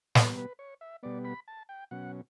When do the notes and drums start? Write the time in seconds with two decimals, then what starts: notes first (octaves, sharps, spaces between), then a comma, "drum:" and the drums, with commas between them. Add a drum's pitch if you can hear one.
0.15 B2 G3 B3 B4, drum: snare
0.38 B4
0.59 C#5
0.81 E5
1.03 B2 G3 B3 D5
1.25 B5
1.48 A5
1.69 G5
1.91 B2 F#3 C#4 F#5